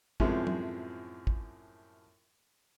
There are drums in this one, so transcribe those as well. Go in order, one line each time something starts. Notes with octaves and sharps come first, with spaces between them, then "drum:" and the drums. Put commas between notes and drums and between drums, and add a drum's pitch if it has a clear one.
F#2 A2 C3 F3 G#3, drum: kick
drum: tom
drum: kick